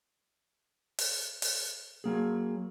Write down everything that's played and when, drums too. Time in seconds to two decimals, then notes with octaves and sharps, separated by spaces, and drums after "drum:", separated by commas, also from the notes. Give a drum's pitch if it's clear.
0.99 drum: open hi-hat
1.42 drum: open hi-hat
2.04 F#3 A#3 G#4